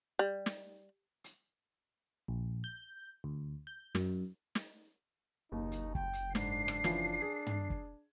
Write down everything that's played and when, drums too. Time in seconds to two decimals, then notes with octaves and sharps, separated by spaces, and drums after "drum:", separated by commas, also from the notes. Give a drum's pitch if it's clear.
0.19 G3
0.46 drum: snare
1.24 drum: hi-hat
2.28 A#1
2.64 G6
3.24 D2
3.67 G6
3.95 F#2, drum: snare
4.55 drum: snare
5.52 F#1 D#2 D#4
5.72 drum: hi-hat
5.95 G5, drum: kick
6.13 drum: hi-hat
6.35 G#2 D4 C7, drum: snare
6.68 drum: rim click
6.84 E3 F3 C#4, drum: snare
7.22 G#4
7.47 drum: tom
7.70 drum: kick